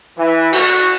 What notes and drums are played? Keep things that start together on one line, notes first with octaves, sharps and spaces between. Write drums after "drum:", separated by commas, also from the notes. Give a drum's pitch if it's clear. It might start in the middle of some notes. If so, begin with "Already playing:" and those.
E3
F#4, drum: cymbal